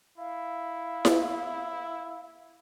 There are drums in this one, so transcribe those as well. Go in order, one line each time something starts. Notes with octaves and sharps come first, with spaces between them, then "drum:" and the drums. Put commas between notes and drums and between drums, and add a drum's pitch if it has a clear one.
E4 F5
drum: snare E4